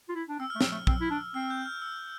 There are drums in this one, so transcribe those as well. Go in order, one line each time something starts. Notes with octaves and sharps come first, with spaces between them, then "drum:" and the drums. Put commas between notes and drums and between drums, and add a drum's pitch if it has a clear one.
F4
E4
D4
C4 E6
F6
A3
E6, drum: snare
A3
C4 E6, drum: kick
E4
D4
C4 F6
G6
F6
E6